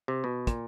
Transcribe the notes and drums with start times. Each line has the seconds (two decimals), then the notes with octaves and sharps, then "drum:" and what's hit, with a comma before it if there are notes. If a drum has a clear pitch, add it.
0.08 C3
0.24 B2
0.47 A#2, drum: kick, hi-hat